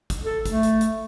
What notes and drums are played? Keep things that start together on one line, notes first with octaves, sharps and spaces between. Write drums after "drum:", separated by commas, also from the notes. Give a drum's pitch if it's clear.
drum: kick, hi-hat
A4
A3, drum: kick, hi-hat
drum: hi-hat
drum: hi-hat